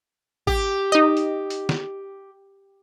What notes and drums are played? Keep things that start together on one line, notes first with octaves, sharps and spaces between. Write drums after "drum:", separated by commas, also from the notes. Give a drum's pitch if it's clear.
G4, drum: kick G#1
D#4 D#5
drum: hi-hat
drum: hi-hat
drum: snare